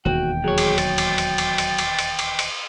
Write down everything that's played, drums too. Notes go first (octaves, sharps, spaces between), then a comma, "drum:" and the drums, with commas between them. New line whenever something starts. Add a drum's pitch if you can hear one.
E1 D#2 F#4 G5
F#3 G#4 C#5
drum: cymbal
A6, drum: cymbal
drum: cymbal
drum: cymbal
drum: cymbal
drum: cymbal
drum: cymbal
drum: cymbal
drum: cymbal
drum: cymbal